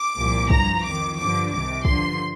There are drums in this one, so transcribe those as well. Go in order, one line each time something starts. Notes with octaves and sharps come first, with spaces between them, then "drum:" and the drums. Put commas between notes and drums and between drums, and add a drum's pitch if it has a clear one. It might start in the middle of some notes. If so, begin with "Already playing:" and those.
Already playing: D6
C2 A#2 F3
G2 F3 A#5, drum: kick
F2 D#3 D6
G2 D3 F3 D6
C2 C3 D#3 D6
G2 D3 F3 C6, drum: kick